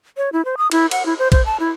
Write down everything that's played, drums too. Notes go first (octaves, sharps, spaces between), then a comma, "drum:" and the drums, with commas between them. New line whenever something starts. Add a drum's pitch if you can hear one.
C#5
E4
C5
D#6
E4, drum: cymbal
F#5, drum: cymbal
E4
C5
C5, drum: kick A#1, cymbal
A5
E4